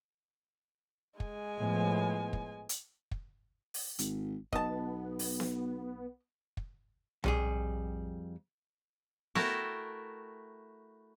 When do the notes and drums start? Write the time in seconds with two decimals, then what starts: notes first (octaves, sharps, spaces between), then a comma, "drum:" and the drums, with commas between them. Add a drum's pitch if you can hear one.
1.20 G#3 G#5, drum: kick
1.57 A2 F3 B3
2.33 drum: kick
2.69 drum: hi-hat
3.11 drum: kick
3.74 drum: open hi-hat
3.99 G#1, drum: hi-hat
4.53 B1 B3 D#5 A5, drum: kick
5.19 drum: open hi-hat
5.40 drum: snare B3
6.57 drum: kick
7.24 F2 G3 G#4, drum: tom B1
9.35 A3 E4 F#4 A#4 G5 A5, drum: snare B3